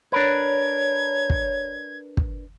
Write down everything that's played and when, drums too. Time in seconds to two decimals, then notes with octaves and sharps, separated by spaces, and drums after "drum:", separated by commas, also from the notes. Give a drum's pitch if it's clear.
0.12 D4 A#4 B4 C#5 G#6
1.30 drum: kick
2.17 drum: kick